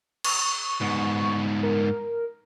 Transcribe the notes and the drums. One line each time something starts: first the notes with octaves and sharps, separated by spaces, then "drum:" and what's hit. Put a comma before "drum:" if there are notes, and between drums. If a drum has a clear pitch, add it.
C#6, drum: cymbal
G#2 B3
A#4